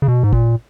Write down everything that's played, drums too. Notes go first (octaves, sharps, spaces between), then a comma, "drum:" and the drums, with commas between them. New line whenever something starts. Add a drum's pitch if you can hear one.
C#3
B2
G#2
A#2, drum: kick G#1